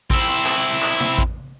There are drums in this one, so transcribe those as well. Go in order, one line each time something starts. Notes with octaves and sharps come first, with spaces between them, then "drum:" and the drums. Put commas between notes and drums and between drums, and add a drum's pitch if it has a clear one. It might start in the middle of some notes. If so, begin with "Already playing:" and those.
C4 E4, drum: kick A1
drum: clap
drum: clap
drum: tom C3
drum: kick A1